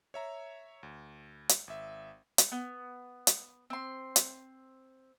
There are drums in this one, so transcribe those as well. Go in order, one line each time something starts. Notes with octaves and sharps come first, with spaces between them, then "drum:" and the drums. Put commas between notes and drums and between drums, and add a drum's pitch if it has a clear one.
C#5 E5 A#5
D2
drum: hi-hat
G#1 E5
drum: hi-hat
B3
drum: hi-hat
C4 C6
drum: hi-hat